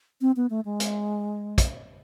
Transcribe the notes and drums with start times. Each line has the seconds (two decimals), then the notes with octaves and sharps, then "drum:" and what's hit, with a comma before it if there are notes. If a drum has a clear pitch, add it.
0.21 C4
0.36 B3
0.50 A3
0.65 G#3
0.80 drum: hi-hat
1.58 drum: kick, hi-hat